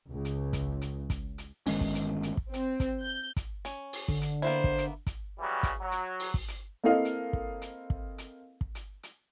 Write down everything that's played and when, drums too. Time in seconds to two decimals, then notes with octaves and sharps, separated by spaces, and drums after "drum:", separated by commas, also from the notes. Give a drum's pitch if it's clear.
0.10 C#2
0.25 drum: hi-hat
0.53 drum: kick, hi-hat
0.81 drum: hi-hat
1.10 drum: kick, hi-hat
1.38 drum: hi-hat
1.67 G1 D#3 G#3 C#4, drum: open hi-hat
1.81 drum: kick
1.95 drum: hi-hat
2.23 drum: hi-hat
2.37 drum: kick
2.54 C4, drum: hi-hat
2.80 drum: kick, hi-hat
3.01 G6
3.37 drum: kick, hi-hat
3.65 C#4, drum: hi-hat
3.93 drum: open hi-hat
4.08 D3, drum: kick
4.22 drum: hi-hat
4.42 A#3 B3 E4 C5
4.64 drum: kick
4.78 drum: hi-hat
5.07 drum: kick, hi-hat
5.39 C#3 E3 F#3 G3
5.63 drum: kick, hi-hat
5.81 F#3
5.92 drum: hi-hat
6.20 drum: open hi-hat
6.34 drum: kick
6.48 drum: hi-hat
6.84 A#3 C4 E4 A4 D#5 F5
7.05 drum: hi-hat
7.33 drum: kick
7.62 drum: hi-hat
7.90 drum: kick
8.18 drum: hi-hat
8.61 drum: kick
8.75 drum: hi-hat
9.03 drum: hi-hat